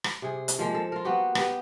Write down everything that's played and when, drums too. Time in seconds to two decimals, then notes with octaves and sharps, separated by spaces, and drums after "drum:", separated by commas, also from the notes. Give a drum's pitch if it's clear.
0.04 drum: rim click
0.22 C3 G#4
0.48 drum: hi-hat
0.59 F3 G#3 A#3
0.75 A4
0.92 F4 A#4
1.05 A#3 B3 F#4 G4
1.35 B3 G4, drum: rim click